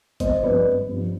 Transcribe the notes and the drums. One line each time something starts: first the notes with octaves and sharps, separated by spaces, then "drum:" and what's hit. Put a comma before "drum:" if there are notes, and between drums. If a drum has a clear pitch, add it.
G#1 C5 D#5, drum: kick, hi-hat
G2 F3 B4 D5
G#1
G2 F3